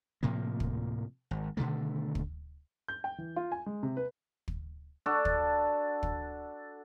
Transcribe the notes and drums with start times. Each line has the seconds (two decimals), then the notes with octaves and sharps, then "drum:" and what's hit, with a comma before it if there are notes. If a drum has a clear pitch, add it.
0.23 A2 C3 F3 A#3
0.60 drum: kick
1.31 G#1
1.57 B2 D3 D#3 A3
2.15 drum: kick
2.88 G6
3.04 G5
3.18 E3
3.36 F4
3.52 G#5
3.66 G#3
3.83 C3
3.97 B4
4.48 drum: kick
5.06 D4 F#4 A4
5.25 drum: kick
6.03 drum: kick